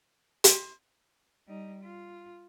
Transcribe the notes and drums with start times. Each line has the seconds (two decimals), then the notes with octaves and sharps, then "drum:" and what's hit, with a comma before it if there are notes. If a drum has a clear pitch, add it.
0.44 drum: hi-hat
1.47 G3 D#4
1.83 F4